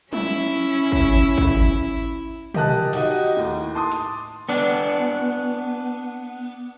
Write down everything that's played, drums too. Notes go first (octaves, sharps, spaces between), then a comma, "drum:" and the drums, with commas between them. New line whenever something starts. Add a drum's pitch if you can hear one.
C#4 E4, drum: tom
drum: kick G#1
drum: hi-hat
drum: kick G#1
G4 A#4 D#5 A5 F#6, drum: tom
D#4 F#4 G4 D#5, drum: cymbal
D#2 A2
A5 C6 D6 D#6
drum: hi-hat
B3 D4